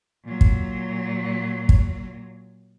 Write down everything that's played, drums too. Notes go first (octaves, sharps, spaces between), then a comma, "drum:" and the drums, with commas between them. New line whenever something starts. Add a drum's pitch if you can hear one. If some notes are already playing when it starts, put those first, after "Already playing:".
A#2 F#3
drum: kick
drum: kick